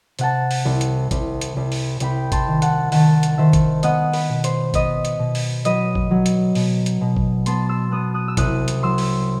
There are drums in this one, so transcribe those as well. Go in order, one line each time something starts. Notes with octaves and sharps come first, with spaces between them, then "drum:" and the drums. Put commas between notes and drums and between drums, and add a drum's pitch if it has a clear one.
C3 F#5 A5, drum: hi-hat
drum: open hi-hat
C2
drum: hi-hat
C2, drum: kick G#1, hi-hat
drum: hi-hat
C2
drum: open hi-hat
C2 G5 B5, drum: hi-hat
A5 C6, drum: kick G#1, hi-hat
D#3
F#5 A5, drum: hi-hat
D#3 F#5 A5, drum: open hi-hat
drum: hi-hat
D#3 C5 E5
drum: kick G#1, hi-hat
B3 D#5 F#5, drum: hi-hat
B4, drum: open hi-hat
B2
C5, drum: hi-hat
B3 B4 D#5, drum: kick G#1, hi-hat
drum: hi-hat
B2
drum: open hi-hat
F#3 B4 D#5, drum: hi-hat
drum: kick G#1
F#3
drum: hi-hat
B2, drum: open hi-hat
drum: hi-hat
B2
drum: kick G#1
B3 A5 C6, drum: hi-hat
C6 E6
B3 D#6 F#6
D#6 F#6
E6
C2 D#6 F#6, drum: kick G#1, hi-hat
drum: hi-hat
F#3 C6 E6
drum: open hi-hat